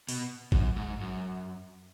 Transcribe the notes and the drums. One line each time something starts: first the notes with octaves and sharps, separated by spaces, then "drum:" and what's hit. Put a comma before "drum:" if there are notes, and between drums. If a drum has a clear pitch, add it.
B2, drum: open hi-hat
F#2, drum: kick G#1
G#2
F#2